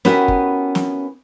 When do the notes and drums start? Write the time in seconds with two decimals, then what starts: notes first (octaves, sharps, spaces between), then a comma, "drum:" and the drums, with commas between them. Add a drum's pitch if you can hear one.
0.05 B3 C#4 E4 F#4 G4 A#4, drum: snare
0.28 drum: kick
0.75 drum: snare